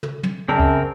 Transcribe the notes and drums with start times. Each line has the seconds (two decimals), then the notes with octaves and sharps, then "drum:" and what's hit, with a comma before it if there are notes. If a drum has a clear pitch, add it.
0.03 drum: tom
0.23 drum: tom
0.49 F#2 C#3 C4 G#4 A#4 D5 A5
0.60 drum: kick C#2